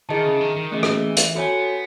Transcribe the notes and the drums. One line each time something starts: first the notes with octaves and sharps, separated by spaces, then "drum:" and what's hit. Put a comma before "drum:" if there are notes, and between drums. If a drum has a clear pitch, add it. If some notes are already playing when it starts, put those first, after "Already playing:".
D#3 E4 G#4 D#5 A5
C#3
D#3
D#3
E3 A3 C#4 G#4 D#5
drum: rim click
drum: hi-hat
B3 F#4 A4 C#5 G#5